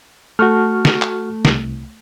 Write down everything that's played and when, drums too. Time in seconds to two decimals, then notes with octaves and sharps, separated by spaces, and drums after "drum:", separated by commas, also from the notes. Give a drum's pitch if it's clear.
0.39 A3 F#4 C#6 F6
0.85 drum: snare
1.02 drum: clap
1.45 C2, drum: snare